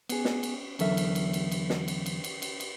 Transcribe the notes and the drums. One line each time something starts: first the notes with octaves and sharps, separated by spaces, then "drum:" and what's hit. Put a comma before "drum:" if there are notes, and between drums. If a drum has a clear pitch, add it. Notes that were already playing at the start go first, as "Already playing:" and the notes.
B3 G#4, drum: cymbal
drum: snare
drum: cymbal
E2 D3 F#3 A4 A#4 E5, drum: cymbal
drum: cymbal
drum: cymbal
drum: cymbal
drum: cymbal
drum: snare
drum: cymbal
drum: cymbal
drum: cymbal
drum: cymbal
drum: cymbal